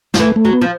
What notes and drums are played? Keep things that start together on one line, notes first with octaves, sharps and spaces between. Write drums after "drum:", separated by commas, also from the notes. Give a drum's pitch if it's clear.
F3, drum: snare
E3 A3
A3
F#3
B3
F3